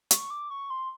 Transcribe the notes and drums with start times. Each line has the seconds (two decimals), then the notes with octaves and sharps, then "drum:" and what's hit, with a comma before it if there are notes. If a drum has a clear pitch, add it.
0.11 C#6, drum: hi-hat
0.30 D6
0.50 C#6
0.70 C6